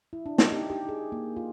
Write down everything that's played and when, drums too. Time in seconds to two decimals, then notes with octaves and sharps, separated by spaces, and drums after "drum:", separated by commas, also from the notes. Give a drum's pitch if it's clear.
0.13 E4
0.26 D4
0.38 D#4, drum: snare
0.52 G4
0.70 G4
0.89 G#4
1.12 A#3
1.37 F4